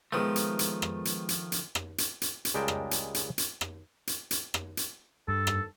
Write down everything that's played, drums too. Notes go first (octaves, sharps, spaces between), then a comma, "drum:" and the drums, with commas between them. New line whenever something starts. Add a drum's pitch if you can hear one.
D#3 F3 G#3 A3 B3 D#5
drum: hi-hat
drum: hi-hat
drum: rim click
drum: hi-hat
drum: hi-hat
drum: hi-hat
drum: rim click
drum: hi-hat
drum: hi-hat
drum: hi-hat
C#2 G3 G#3 A#4 G5 A5
drum: rim click
drum: hi-hat
drum: hi-hat
drum: hi-hat
drum: rim click
drum: hi-hat
drum: hi-hat
drum: rim click
drum: hi-hat
G2 A4
drum: rim click